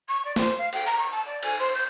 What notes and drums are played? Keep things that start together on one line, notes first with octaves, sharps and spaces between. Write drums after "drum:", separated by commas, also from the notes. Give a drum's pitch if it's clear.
C#6
D5
C5, drum: snare
F5
G5, drum: cymbal
A#5
C#6
A5
D5
G#5, drum: cymbal
C5
G6